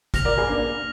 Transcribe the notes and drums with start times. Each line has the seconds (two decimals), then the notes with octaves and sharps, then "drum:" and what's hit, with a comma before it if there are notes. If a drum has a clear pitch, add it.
0.14 F6 A#6 F7, drum: kick, hi-hat
0.25 A#4 D5
0.38 G#4 B4
0.49 A#3 D4